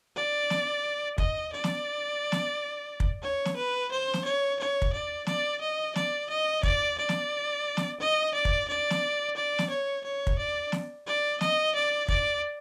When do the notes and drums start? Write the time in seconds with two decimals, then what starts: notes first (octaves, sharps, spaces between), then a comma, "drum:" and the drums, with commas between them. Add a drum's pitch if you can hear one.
0.16 D5
0.50 drum: snare
1.18 D#5, drum: kick
1.53 D5
1.64 drum: snare
2.32 drum: snare
3.00 drum: kick
3.22 C#5
3.45 drum: snare
3.56 B4
3.91 C5
4.14 drum: snare
4.25 C#5
4.59 C#5
4.82 drum: kick
4.93 D5
5.27 D5, drum: snare
5.61 D#5
5.96 D5, drum: snare
6.29 D#5
6.63 D5, drum: kick
6.98 D5
7.09 drum: snare
7.77 drum: snare
8.00 D#5
8.34 D5
8.45 drum: kick
8.68 D5
8.90 drum: snare
9.36 D5
9.59 drum: snare
9.70 C#5
10.04 C#5
10.27 drum: kick
10.38 D5
10.72 drum: snare
11.07 D5
11.41 D#5, drum: snare
11.75 D5
12.08 D5, drum: kick